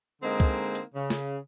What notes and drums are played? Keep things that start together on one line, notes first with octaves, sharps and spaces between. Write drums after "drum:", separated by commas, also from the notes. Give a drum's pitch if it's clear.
D3 G#3 A#3 C4 D#4
drum: kick C2
drum: hi-hat
C#3
drum: snare